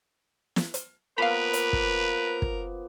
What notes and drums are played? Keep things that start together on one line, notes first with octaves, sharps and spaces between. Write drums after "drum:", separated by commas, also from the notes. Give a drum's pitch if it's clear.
drum: snare
drum: hi-hat
F3 A#3 B3 A#4 B4 F5 B5
drum: hi-hat
drum: kick
drum: kick